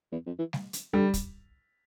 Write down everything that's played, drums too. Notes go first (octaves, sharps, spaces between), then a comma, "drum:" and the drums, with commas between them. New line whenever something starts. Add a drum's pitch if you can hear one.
E2
F2
E3
drum: snare G3
drum: hi-hat
D3 G3
drum: kick, hi-hat